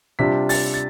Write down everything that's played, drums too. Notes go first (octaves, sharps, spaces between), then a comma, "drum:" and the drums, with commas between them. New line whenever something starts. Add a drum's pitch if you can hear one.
C3 G3 D4 F4 B6
A6, drum: open hi-hat
A6